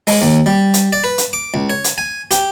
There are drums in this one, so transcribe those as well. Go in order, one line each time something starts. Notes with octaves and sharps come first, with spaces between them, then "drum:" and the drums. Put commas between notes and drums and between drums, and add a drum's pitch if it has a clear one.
G#3, drum: open hi-hat
D#2
G3
drum: hi-hat
D5
B4
drum: hi-hat
D6
C#2
C#5
drum: hi-hat
G#5
G4, drum: hi-hat